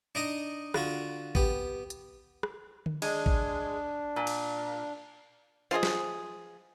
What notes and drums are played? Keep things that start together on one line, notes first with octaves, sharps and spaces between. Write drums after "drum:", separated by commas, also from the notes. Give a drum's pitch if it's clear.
D4 D#4 D#5
D3 F4 F#4, drum: rim click
B3 G4, drum: kick
drum: hi-hat
drum: rim click
drum: tom D3
G#3 D4, drum: cymbal
drum: kick
A#2
drum: cymbal
F3 F4 G#4 D#5
drum: snare